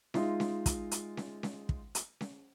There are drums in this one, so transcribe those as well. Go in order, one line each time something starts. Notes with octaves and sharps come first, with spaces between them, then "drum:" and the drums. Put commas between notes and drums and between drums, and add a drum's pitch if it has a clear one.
G#3 D#4 F4 E5, drum: snare C#4
drum: snare C#4
drum: kick, hi-hat
drum: hi-hat
drum: snare C#4
drum: snare C#4
drum: kick
drum: hi-hat
drum: snare C#4